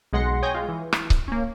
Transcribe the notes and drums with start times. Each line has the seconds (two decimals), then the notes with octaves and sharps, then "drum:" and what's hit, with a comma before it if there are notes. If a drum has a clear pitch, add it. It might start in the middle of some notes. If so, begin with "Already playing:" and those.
0.13 B1 G#3 F#5 C6 A#6 C#7
0.42 C#5 G5 G#5 D#6 G6 A#6
0.54 G#3 F4
0.68 E3
0.93 drum: rim click
1.10 drum: kick C#1
1.28 A#3 C#4